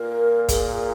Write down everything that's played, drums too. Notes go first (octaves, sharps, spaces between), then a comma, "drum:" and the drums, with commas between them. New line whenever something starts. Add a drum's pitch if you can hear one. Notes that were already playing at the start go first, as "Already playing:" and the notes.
Already playing: A#2 A#4
G#4, drum: kick, hi-hat